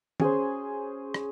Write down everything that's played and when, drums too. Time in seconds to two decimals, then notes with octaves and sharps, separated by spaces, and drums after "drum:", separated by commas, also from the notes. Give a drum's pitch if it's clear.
0.20 C#4 G#4 C5, drum: tom
1.14 drum: rim click